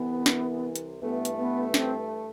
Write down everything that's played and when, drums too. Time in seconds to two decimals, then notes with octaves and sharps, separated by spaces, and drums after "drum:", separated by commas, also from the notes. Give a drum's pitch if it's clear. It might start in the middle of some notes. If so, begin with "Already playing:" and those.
Already playing: C2 C3 E3 B3
0.26 drum: snare
0.76 drum: hi-hat
1.01 G2 E3 A3 B3
1.25 drum: hi-hat
1.38 B3
1.74 C4, drum: snare